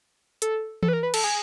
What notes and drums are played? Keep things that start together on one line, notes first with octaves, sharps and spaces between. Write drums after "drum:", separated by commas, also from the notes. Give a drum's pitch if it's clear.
A4, drum: hi-hat
A4, drum: tom E3
B4
A#4
B4
A4, drum: cymbal
G#4